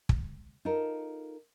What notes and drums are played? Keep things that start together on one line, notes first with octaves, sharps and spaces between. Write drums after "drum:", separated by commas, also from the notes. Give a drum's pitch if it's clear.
drum: kick
D#4 F4 A4 A#4